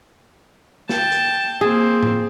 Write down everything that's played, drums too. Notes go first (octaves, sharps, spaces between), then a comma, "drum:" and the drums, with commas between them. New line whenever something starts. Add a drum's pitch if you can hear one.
G5 A5, drum: snare
drum: hi-hat
A#3 C4 G#4
drum: tom A2